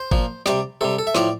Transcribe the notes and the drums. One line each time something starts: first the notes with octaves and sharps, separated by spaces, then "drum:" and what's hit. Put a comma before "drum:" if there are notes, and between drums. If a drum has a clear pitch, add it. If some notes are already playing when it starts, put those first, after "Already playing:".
Already playing: C5
A#2 F3, drum: kick G1
C3 G3 D5, drum: snare
C3 G3 A4
A4
E5
A2 F3 D5, drum: snare